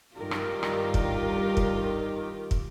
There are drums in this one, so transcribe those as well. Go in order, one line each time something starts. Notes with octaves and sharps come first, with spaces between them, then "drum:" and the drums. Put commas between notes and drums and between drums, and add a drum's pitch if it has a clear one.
G2 D#3 G3 F4 G4 A#4
drum: rim click
drum: rim click
drum: kick
drum: kick
drum: kick